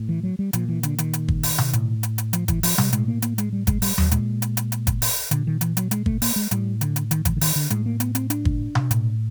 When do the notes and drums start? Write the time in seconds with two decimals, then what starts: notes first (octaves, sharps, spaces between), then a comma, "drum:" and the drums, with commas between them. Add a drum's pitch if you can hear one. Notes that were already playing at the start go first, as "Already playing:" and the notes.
Already playing: A2
0.09 E3
0.23 F#3
0.39 G3
0.53 A#2 F3, drum: hi-hat
0.68 E3
0.83 D3, drum: hi-hat
0.98 D#3, drum: hi-hat
1.13 drum: hi-hat
1.28 drum: kick G1
1.43 drum: open hi-hat
1.58 drum: tom B2
1.73 A2, drum: hi-hat
2.03 drum: hi-hat
2.18 drum: hi-hat
2.33 F3, drum: hi-hat
2.48 E3, drum: kick G1, hi-hat
2.63 F3, drum: open hi-hat
2.78 G3, drum: tom B2
2.93 A2 G#3, drum: hi-hat
3.08 A#3
3.22 A#3, drum: hi-hat
3.38 G#3, drum: hi-hat
3.53 G3
3.67 G#3, drum: kick G1, hi-hat
3.82 G3, drum: open hi-hat
3.98 F#3, drum: tom D#2
4.11 A#2 G#3, drum: hi-hat
4.42 drum: hi-hat
4.57 drum: hi-hat
4.72 drum: hi-hat
4.87 drum: kick G1, hi-hat
5.02 drum: open hi-hat
5.31 A#2 D3, drum: hi-hat
5.47 D#3
5.61 E3, drum: hi-hat
5.77 F#3, drum: hi-hat
5.91 G#3, drum: hi-hat
6.06 A3, drum: kick G1
6.22 A#3, drum: open hi-hat
6.36 G#3
6.51 A2 G3, drum: hi-hat
6.81 D3, drum: hi-hat
6.96 drum: hi-hat
7.11 D#3, drum: hi-hat
7.25 E3, drum: kick G1, hi-hat
7.37 D3
7.41 D#3, drum: open hi-hat
7.56 D3
7.70 A2 G#3, drum: hi-hat
7.86 A#3
8.00 B3, drum: hi-hat
8.15 C4, drum: hi-hat
8.30 D4, drum: hi-hat
8.45 drum: kick G1
8.75 drum: tom B2
8.91 A2, drum: hi-hat